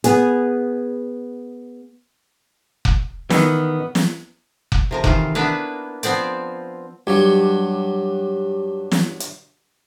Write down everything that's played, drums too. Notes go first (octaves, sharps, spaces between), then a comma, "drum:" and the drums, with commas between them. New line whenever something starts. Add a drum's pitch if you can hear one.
B3 G#4, drum: hi-hat
drum: kick F1
D#3 E3 B3 G#5, drum: snare
drum: snare
drum: kick F1
C3 F3 A#4
D#3 E3 F4, drum: kick F1
A#3 B3 D4 E4 B4
F3 B3 C4 D5, drum: hi-hat
G2 F#3 G4
drum: snare
drum: hi-hat